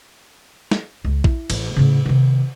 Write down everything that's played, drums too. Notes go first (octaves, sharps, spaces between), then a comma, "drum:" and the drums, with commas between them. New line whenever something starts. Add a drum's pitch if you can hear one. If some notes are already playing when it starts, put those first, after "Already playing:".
drum: snare
C#2
E4, drum: kick
A1, drum: cymbal
A2 C#3
C3 D#3